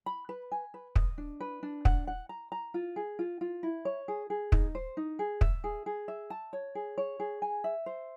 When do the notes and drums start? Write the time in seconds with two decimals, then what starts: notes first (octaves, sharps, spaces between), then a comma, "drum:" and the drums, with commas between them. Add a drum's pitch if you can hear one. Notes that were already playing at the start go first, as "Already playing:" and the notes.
0.06 B5
0.29 B4
0.52 G#5
0.74 B4
0.96 D#5, drum: kick
1.18 D4
1.40 B4
1.63 D4
1.85 F#5, drum: kick
2.07 F#5
2.29 A#5
2.52 A#5
2.74 F4
2.96 G#4
3.19 F4
3.41 F4
3.63 E4
3.85 C#5
4.08 G#4
4.30 G#4
4.52 D#4, drum: kick
4.75 C5
4.97 D#4
5.19 G#4
5.41 E5, drum: kick
5.64 G#4
5.86 G#4
6.08 E5
6.30 A5
6.53 C#5
6.75 G#4
6.98 C#5
7.20 G#4
7.42 G#5
7.64 E5
7.86 C5